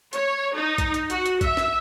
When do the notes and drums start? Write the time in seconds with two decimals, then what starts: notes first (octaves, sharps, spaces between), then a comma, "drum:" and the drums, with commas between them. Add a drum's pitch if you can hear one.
0.13 C#5, drum: hi-hat
0.54 D#4
0.78 drum: kick, hi-hat
0.94 drum: hi-hat
1.10 F#4, drum: hi-hat
1.26 drum: hi-hat
1.41 E5, drum: kick, hi-hat
1.57 drum: snare